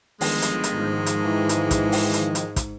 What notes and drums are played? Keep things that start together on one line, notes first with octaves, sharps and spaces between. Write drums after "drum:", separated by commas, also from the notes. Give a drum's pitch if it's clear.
G1 D#3 F3 G#3, drum: open hi-hat
drum: hi-hat
drum: hi-hat
G#2
drum: hi-hat
E3
drum: hi-hat
drum: kick, hi-hat
drum: open hi-hat
drum: hi-hat
drum: hi-hat
drum: kick, hi-hat